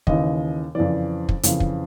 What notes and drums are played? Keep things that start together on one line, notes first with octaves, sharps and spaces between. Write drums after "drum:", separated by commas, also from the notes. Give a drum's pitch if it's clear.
D#2 C#3 E3 D#5, drum: kick
F2 C#3 E3 D5
drum: kick
F2 C#3 E3, drum: hi-hat
drum: kick